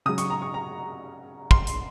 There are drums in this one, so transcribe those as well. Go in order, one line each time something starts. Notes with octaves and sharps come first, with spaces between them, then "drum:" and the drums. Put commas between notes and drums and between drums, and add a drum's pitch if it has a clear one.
C#3 F#3 D#6
C#6, drum: hi-hat
A#5
C#6
A#5
C6, drum: kick
drum: hi-hat